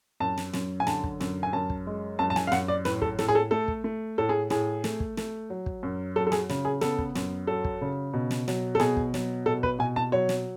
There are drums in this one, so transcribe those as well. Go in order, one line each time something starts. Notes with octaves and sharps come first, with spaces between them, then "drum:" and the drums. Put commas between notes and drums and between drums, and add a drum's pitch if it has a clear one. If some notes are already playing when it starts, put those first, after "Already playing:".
F#2 A5
drum: snare
F#2, drum: snare
G#5
D3 A5, drum: snare
drum: kick
F#2, drum: snare
G#5
F#2 A5
drum: kick
G#3
F#2 A5
A5
G#5, drum: snare
F5
F#2 F#5, drum: snare
D5
A2 B4, drum: snare
A4, drum: kick
A2 A4, drum: snare
G#4
A4
A3 A4
drum: kick
A3
A2 A4
G#4
A2 G#4, drum: snare
A3, drum: snare
drum: kick
A3, drum: snare
F#3
drum: kick
F#2
F#3 A4
A4
G#4, drum: snare
C#3, drum: snare
G#4
B3 A4, drum: snare
drum: kick
F#2, drum: snare
F#3 A4
drum: kick
C#3
B2
drum: snare
F#3, drum: snare
A4
B2 G#4, drum: snare
drum: kick
F#3, drum: snare
B2 A4
B4, drum: kick
B2 G#5
A5
F#3 C#5
drum: snare